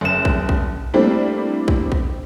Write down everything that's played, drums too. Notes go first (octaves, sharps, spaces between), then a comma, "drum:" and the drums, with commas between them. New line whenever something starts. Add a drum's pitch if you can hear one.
F#1 E7
drum: kick
drum: kick
G3 A3 A#3 C4 D4 E4
drum: kick
drum: kick